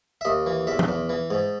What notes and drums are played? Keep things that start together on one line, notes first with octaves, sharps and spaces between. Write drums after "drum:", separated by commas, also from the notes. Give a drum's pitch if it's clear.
E5
D#2 D#5
E3
E2 E5
drum: tom
E2
E3
G#2